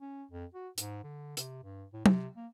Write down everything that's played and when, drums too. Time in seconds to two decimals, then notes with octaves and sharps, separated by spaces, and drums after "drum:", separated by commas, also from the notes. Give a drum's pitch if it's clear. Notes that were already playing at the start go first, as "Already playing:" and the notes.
0.01 C#4
0.31 F2
0.54 F#4
0.78 G#2, drum: hi-hat
1.04 D3
1.37 C3, drum: hi-hat
1.64 G2
1.93 A2
2.06 C3, drum: tom
2.36 A#3